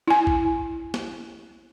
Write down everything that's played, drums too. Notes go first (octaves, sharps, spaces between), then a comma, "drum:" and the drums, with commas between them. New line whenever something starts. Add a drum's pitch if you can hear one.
E4 G#5
drum: kick
drum: snare